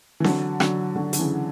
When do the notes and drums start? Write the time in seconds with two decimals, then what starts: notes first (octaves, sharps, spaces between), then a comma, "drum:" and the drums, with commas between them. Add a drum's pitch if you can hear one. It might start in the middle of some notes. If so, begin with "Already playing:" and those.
0.20 E3
0.24 D3 F#3, drum: snare C4
0.60 D3 F#3, drum: rim click
0.96 D3 F#3
1.13 D3, drum: hi-hat
1.19 C#3 E3